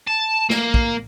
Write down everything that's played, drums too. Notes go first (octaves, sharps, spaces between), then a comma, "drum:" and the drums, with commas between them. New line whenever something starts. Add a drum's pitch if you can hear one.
A5
A#3, drum: snare
drum: kick